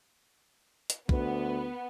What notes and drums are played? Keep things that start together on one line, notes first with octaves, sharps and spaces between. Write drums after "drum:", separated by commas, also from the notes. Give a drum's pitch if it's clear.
drum: hi-hat
D2 B3, drum: kick